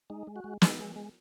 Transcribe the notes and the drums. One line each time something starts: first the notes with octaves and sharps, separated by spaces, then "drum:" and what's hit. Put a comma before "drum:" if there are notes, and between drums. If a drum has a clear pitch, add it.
G#3 D#4
G#3
F#4
G#3
G#3 D#4, drum: snare
G#3
G#3